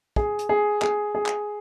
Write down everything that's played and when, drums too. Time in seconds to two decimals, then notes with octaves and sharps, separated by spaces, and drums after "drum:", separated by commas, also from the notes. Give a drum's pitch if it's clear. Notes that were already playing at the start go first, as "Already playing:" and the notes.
0.16 G#4, drum: kick
0.39 drum: hi-hat
0.49 G#4
0.82 G#4, drum: clap
1.15 G#4
1.26 drum: clap